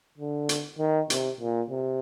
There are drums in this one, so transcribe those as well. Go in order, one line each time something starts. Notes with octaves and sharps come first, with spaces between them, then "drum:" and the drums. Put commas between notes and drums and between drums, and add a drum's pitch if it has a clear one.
D3
drum: hi-hat
D#3
C3, drum: hi-hat
A#2
C3